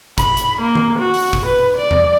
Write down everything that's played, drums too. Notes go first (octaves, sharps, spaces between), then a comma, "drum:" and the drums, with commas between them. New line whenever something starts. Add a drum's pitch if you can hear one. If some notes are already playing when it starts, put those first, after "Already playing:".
B5, drum: kick, hi-hat
drum: hi-hat
A#3
drum: tom D#3
F#4
drum: open hi-hat
drum: kick
B4
D5
drum: tom E2